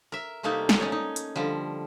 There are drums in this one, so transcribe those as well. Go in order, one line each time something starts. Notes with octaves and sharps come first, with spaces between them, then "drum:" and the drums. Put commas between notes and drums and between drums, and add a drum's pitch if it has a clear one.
A#4 E5
C3 G3 A3 A#3 D#4
drum: snare
C#4 D#4 C#5 D5
D#4
drum: hi-hat
D3 F3 G3